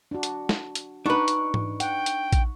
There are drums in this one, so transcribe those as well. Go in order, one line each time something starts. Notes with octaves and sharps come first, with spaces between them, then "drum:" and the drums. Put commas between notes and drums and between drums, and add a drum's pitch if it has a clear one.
D4 F#4
drum: hi-hat
drum: snare
drum: hi-hat
D4 D#4 B4 C#6
drum: hi-hat
drum: tom G#2
F#5 G5, drum: hi-hat
drum: hi-hat
drum: kick A#1, hi-hat